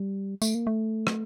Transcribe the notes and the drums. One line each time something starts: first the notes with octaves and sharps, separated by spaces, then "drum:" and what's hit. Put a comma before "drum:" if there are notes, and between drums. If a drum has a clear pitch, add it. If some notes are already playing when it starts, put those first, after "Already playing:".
Already playing: G3
A3, drum: tambourine
A#3
A3
drum: rim click